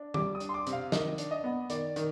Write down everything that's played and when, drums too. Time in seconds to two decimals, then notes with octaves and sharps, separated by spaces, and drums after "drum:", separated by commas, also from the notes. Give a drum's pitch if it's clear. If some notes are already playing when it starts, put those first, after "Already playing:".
Already playing: D4
0.14 G3 D6, drum: tom
0.35 D#6
0.40 D4, drum: hi-hat
0.49 C6
0.54 D6
0.67 C3, drum: hi-hat
0.72 F5
0.92 D#3 D#5, drum: snare
1.18 D4, drum: hi-hat
1.31 D#5
1.44 B3
1.70 D#3 D5, drum: hi-hat
1.96 D#3, drum: hi-hat